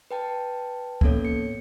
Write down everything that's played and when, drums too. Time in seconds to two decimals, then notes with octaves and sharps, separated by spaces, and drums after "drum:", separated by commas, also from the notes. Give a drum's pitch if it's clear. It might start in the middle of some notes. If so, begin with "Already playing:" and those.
0.11 B4 G5 A5
1.01 A#3 B3 C#4 A4 C#5, drum: kick C#2
1.25 C#7